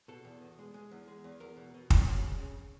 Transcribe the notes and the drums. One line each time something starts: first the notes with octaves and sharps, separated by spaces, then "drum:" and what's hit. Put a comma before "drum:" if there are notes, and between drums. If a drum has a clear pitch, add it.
B2 A4
E2
B2
G#3
G#3
E2
G#3
E2
E2 A#4
B2
B2
E2, drum: kick
F#3
C#3
C#3